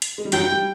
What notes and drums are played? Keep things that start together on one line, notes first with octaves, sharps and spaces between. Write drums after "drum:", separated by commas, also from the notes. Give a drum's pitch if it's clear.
drum: hi-hat
G#3
G3
F#2 F#3 G5, drum: hi-hat
G2 G3
G3